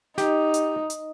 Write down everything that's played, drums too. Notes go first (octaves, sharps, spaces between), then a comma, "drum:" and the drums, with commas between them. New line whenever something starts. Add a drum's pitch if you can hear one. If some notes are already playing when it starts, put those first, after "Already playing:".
D#4 G4, drum: snare
drum: hi-hat
drum: hi-hat